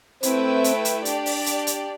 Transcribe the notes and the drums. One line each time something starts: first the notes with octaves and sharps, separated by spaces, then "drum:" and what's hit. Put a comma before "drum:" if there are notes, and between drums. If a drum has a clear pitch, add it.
A3 C4 E4 B4 E5 G5, drum: hi-hat
drum: hi-hat
drum: hi-hat
D4 G4 D5, drum: hi-hat
drum: open hi-hat
drum: hi-hat
drum: hi-hat